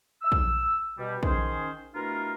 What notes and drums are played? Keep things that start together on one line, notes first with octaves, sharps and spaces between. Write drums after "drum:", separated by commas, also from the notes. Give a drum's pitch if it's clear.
E6
drum: kick
B2 G3
D#3 C#4 G#4 C5, drum: kick
B2 A3 D4 E4 F4 A#4